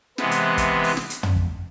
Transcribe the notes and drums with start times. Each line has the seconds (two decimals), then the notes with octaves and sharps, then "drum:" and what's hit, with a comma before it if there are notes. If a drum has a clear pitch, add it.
0.18 C3 E3 G#3 B3, drum: snare
0.31 drum: hi-hat
0.58 drum: kick, hi-hat
0.84 drum: open hi-hat
0.97 drum: snare
1.10 drum: hi-hat
1.23 drum: tom
1.36 drum: kick